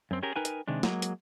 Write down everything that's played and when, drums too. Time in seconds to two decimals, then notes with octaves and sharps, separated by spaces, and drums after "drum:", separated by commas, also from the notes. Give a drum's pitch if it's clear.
0.11 F#2 C4
0.23 C#4 G4 G#4 A#4
0.36 D#4 A#4 B4 G5 G#5
0.45 drum: hi-hat
0.68 C3 D#3 G#3 D4
0.83 F#3 G#3 A#3, drum: snare
1.02 drum: hi-hat